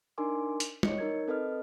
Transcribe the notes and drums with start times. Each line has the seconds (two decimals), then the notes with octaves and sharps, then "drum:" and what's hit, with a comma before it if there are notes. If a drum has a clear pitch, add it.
0.18 D4 D#4 A#4 G#5 C6 D6
0.60 drum: hi-hat
0.83 C#5 D#5 C#7, drum: tom
0.98 D#4 A#4 G#6
1.28 C4 A4 B4 D#5 F6